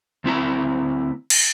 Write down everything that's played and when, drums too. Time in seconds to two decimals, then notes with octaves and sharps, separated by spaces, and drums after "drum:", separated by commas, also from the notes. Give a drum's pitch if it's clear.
0.24 D2 C4 E4 A#5
1.30 drum: cymbal